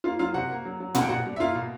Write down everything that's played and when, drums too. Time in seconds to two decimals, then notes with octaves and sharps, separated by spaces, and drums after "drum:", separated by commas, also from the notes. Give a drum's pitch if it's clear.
0.04 A#3 F4 F5
0.19 F#3 F4 F5
0.34 C3 F#4 F#5
0.50 A#3
0.65 F#3
0.80 F#3
0.95 A#3 F#5, drum: tom
1.03 G5
1.09 B2 F#4 F#5
1.26 G3
1.36 E5
1.40 A#3 F4 F5
1.55 B2